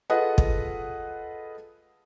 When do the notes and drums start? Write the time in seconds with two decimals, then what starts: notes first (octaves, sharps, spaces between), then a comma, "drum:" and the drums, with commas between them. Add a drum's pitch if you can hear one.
0.10 F4 G#4 A4 B4 D#5 F#5
0.38 drum: kick